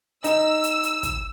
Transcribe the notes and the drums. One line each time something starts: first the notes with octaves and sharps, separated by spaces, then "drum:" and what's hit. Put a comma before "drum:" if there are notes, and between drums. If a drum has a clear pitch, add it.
D#4 E6, drum: hi-hat
drum: hi-hat
drum: hi-hat
drum: kick, hi-hat